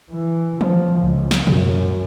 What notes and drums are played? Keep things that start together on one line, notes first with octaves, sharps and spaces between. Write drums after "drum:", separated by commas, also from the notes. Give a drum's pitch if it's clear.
E3
F3, drum: tom D#3
C#2
drum: snare
F#2, drum: tom A#2